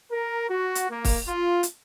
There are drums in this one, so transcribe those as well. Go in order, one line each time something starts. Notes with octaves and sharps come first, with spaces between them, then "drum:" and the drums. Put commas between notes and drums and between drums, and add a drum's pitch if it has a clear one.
A#4
F#4
drum: hi-hat
A#3
drum: kick, open hi-hat
F4
drum: hi-hat